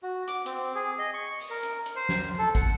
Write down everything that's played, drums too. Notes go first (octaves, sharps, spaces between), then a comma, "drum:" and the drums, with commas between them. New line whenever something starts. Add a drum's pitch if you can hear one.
F#4
D6, drum: hi-hat
C4, drum: hi-hat
G#4
D#5
C#6
drum: open hi-hat
A#4
drum: hi-hat
drum: hi-hat
C5
drum: snare
A4
F#5, drum: kick, hi-hat